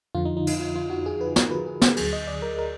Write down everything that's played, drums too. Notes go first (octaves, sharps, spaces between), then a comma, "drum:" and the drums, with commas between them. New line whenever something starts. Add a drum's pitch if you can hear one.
F2 D3 F3 F4
D#4
D#4
drum: cymbal
F4
F4
F#4
G#4
B4
A#4, drum: snare
B4
G#4
G#4, drum: snare
D2 D3 F#3 G#4, drum: cymbal
D#5
D5
A#4
A#4